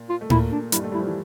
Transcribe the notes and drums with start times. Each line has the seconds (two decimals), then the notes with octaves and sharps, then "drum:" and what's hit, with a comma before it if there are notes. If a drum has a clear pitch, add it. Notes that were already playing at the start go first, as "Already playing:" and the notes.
Already playing: A#2
0.09 F4
0.21 A3
0.30 A#2 A#3 E4, drum: tom A2
0.52 D4
0.72 G2 G3 E4, drum: hi-hat
0.83 A3
0.91 G3 E4
0.99 F3
1.07 E3